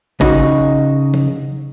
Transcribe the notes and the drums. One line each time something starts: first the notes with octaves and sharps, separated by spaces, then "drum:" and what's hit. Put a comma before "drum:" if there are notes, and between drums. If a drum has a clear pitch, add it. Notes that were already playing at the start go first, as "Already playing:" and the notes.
C#3 D#4 F#4, drum: kick G1
drum: tom